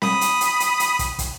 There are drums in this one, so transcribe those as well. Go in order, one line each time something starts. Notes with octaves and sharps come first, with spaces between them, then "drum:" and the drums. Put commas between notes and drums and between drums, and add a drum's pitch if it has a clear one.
B5 D#6, drum: snare
drum: hi-hat
drum: hi-hat
drum: hi-hat
drum: hi-hat
drum: kick, hi-hat
drum: kick, hi-hat